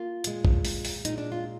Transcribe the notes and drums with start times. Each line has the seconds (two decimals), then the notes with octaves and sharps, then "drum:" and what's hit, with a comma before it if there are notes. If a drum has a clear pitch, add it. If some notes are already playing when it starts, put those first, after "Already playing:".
Already playing: A#3 F4
0.24 A#2 G#3, drum: hi-hat
0.45 drum: kick
0.65 drum: open hi-hat
0.85 drum: open hi-hat
1.05 A#2 G#3 D#4, drum: hi-hat
1.18 D4
1.32 F4